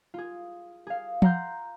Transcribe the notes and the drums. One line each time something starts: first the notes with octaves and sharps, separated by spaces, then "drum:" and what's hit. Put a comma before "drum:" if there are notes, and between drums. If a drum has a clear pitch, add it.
F4 G#4
G#4 F5
F#5 A#5 C6 F6 G6, drum: tom F3